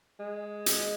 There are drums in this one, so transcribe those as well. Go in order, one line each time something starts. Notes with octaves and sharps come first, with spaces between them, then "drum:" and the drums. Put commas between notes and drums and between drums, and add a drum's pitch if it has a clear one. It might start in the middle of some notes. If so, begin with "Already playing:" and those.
G#3
drum: hi-hat